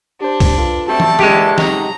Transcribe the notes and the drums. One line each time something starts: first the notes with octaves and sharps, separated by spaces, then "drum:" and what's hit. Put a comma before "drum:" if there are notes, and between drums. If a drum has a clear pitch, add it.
D4 G4 C5
drum: kick, open hi-hat
F4 A4 B4
G3 A3 C4 F#4 A5
drum: tom E3
A#2 D3 E3 G#3 G4 C#6 G#6, drum: snare
C3 F#3 D#4 A#5, drum: snare